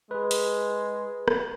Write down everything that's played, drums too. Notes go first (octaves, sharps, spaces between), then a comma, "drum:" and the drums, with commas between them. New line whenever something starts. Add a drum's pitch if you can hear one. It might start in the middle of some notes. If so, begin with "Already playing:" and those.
G#3 G#4 B4
drum: hi-hat
drum: rim click